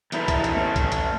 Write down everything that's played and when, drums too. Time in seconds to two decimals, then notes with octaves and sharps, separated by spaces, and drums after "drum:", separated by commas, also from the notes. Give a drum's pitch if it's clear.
0.12 E2 D#4 E4 A4 B4, drum: hi-hat
0.28 drum: kick C2, hi-hat
0.44 drum: hi-hat
0.54 A3 C#4
0.76 drum: kick C2, hi-hat
0.92 drum: hi-hat